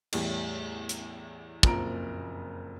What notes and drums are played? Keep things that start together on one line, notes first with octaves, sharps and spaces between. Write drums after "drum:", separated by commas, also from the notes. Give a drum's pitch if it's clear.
E2 A2 G3, drum: cymbal
drum: hi-hat
F#1 F2 A#2 F3 A#5 D7, drum: kick